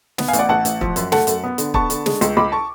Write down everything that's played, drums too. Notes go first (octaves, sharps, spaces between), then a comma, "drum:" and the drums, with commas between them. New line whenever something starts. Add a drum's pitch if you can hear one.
B3, drum: snare
F5 G#5
A1, drum: hi-hat
D5 F#5
A1 F#5 A5
A1, drum: hi-hat
F3, drum: kick
F#2, drum: hi-hat
A3 F#5 A5, drum: snare
F#2, drum: hi-hat
B3
D3, drum: hi-hat
B3 A5 C#6, drum: kick
D3, drum: hi-hat
G#3, drum: snare
C#2, drum: hi-hat
C#2 B5 D6
A5 C#6